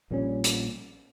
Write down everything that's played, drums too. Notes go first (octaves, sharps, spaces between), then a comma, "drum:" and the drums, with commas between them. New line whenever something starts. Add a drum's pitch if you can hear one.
A#1 A#2 G3 C#4
drum: hi-hat